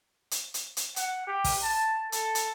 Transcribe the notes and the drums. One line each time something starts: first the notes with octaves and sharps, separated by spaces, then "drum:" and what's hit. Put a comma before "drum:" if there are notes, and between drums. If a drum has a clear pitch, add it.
drum: hi-hat
drum: hi-hat
drum: hi-hat
F#5, drum: hi-hat
G4
drum: kick, open hi-hat
A5
A4, drum: hi-hat
drum: hi-hat